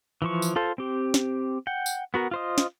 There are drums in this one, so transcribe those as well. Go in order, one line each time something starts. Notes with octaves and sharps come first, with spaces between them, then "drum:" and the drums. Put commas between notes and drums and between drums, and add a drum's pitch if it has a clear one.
E3 F3 C#6
drum: tambourine
F4 A4 C5
C4 G4
drum: snare
F#5 G5
drum: tambourine
B3 F#4 A#4
F4 C5 D#5
drum: snare